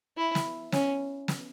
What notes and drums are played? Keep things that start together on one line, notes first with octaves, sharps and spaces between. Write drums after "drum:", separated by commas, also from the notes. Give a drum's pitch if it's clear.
E4
drum: snare
C#4, drum: snare
drum: snare